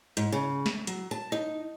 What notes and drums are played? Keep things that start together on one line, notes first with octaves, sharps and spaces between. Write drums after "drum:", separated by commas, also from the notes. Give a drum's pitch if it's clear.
G#2, drum: hi-hat
C#3
drum: snare
F#3, drum: hi-hat
A5
D#4